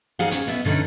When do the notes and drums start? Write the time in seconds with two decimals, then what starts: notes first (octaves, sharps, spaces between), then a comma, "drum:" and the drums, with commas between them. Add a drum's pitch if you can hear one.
0.19 G3 D#4 G#4 C5 F5 F#5
0.31 C#4, drum: hi-hat
0.47 B2 B3 E4 E5
0.65 B2 D3 C#4 D#4